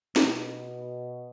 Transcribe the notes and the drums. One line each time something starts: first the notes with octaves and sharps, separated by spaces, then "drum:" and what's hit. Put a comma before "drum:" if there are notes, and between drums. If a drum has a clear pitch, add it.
B2, drum: snare